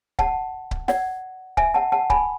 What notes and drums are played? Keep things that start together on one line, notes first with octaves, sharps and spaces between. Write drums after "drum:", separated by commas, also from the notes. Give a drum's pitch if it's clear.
F#5 A5, drum: kick C#1
drum: kick C#1
D5 F#5, drum: snare
E5 G#5, drum: kick C#1
F#5 A5
F#5 A5
G#5 B5, drum: kick C#1